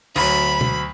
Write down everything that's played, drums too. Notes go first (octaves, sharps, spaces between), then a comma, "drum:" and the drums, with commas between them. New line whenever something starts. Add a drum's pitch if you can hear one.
D2 F#3 B5, drum: cymbal
drum: tom B2